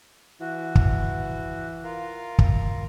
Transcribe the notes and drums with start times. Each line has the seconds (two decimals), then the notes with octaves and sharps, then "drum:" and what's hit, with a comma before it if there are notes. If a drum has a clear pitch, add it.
0.41 E3 F#4
0.75 drum: kick
1.84 F4 A#4 F5
2.39 drum: kick